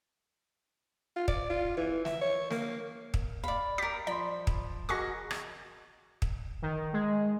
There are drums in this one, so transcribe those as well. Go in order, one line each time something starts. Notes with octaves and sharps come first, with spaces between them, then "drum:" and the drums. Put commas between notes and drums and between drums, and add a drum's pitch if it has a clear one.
F4
D5, drum: kick
F4
E3
E5, drum: snare
C#5
A#3, drum: snare
drum: kick
D#2 D5 F5 B5
G4 A#4 D6 A6 B6
F3 D5 B5 C6
drum: kick
F#4 G#4 A#4 D#5 F#5 C#6 D6 A#6
drum: rim click
drum: kick
D#3
G#3